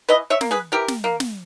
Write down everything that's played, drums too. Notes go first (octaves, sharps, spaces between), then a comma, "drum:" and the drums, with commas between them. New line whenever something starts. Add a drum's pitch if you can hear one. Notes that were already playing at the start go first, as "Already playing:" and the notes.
E3 B4 D#5
C#5 E5
A#3, drum: snare
G#4 B4
E3 G4 A#4
drum: snare
A#3
drum: snare